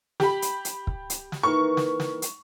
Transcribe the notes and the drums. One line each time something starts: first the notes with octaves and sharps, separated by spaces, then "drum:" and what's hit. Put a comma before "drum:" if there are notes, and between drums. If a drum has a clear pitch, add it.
G4 B5, drum: snare
drum: hi-hat
drum: hi-hat
drum: kick
drum: hi-hat
drum: snare
D#3 E3 A#3 C#6
drum: snare
drum: snare
drum: hi-hat